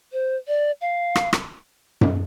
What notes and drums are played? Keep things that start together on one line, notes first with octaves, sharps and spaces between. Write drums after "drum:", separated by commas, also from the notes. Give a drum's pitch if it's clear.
C5
D5
F5
drum: rim click
drum: rim click
drum: tom F#2